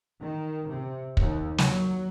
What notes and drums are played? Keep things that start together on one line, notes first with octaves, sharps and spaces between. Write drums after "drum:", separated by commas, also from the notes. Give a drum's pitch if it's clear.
D#3
C3
D#2, drum: kick
F#3, drum: snare